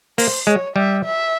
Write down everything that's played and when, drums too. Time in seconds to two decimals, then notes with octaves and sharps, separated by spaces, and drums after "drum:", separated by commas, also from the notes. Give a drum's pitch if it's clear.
0.18 A#3 C5, drum: open hi-hat
0.47 G#3 C#5
0.76 G3 E5
1.05 E5